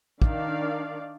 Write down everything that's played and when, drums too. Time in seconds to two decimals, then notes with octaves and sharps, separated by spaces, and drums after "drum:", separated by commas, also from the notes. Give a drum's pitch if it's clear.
0.22 D#3 D4 D5 F5, drum: kick